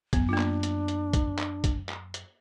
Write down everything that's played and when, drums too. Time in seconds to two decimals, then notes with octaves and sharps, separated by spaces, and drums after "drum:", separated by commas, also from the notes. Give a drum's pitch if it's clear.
0.13 F#2 B3, drum: kick, hi-hat
0.29 A#3 D4 F4
0.38 drum: clap
0.63 drum: hi-hat
0.88 drum: hi-hat
1.13 drum: kick, hi-hat
1.39 drum: clap
1.64 drum: kick, hi-hat
1.89 drum: clap
2.14 drum: hi-hat